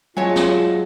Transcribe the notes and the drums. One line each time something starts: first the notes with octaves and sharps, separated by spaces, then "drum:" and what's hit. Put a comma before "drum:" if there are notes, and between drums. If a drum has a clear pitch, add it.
F#3 G#3 F4 C#5 E5 G#5 A5
drum: snare